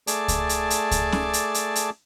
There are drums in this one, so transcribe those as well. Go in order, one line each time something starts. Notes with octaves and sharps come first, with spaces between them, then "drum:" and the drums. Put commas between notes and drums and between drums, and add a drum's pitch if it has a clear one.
A3 G#4 D5 A5 D6, drum: hi-hat
drum: kick C#2, hi-hat
drum: hi-hat
drum: hi-hat
drum: kick C#2, hi-hat
drum: snare C#4
drum: hi-hat
drum: hi-hat
drum: hi-hat